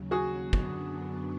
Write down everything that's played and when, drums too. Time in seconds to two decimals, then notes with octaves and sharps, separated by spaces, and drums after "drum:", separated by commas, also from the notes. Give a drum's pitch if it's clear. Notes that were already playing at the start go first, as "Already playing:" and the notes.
Already playing: D#2 C#3 F#3
0.11 F#4 G#4
0.42 F#2 D3 F#3 B3 D4
0.53 drum: kick